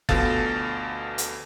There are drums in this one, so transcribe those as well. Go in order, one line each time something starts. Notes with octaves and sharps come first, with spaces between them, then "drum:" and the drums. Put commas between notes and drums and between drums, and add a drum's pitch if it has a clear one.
D2 B2 F3 A4 F5 A6, drum: kick F#1
drum: hi-hat